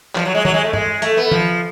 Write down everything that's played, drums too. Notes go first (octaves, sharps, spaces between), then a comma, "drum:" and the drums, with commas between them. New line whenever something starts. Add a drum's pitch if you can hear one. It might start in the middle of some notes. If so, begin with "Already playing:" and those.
F3, drum: clap
F#3
G#3
F#3, drum: tom
G#3
A3
G#3, drum: tom G2
A3, drum: hi-hat
B3
F3, drum: tom